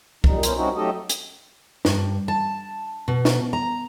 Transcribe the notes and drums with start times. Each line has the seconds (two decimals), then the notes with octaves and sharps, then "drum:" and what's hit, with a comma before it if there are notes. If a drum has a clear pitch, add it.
0.24 F#2 A#2 G3 D#4, drum: kick C2
0.43 B3 C#4 E4 A#4 C5, drum: hi-hat
0.55 G3 C4 C#4 D#4 E4 F#4
0.75 F#3 A3 D#4 G4 A4 D#5
1.09 drum: hi-hat
1.85 G2, drum: snare
2.28 A5
3.08 B2
3.25 drum: snare
3.53 A#5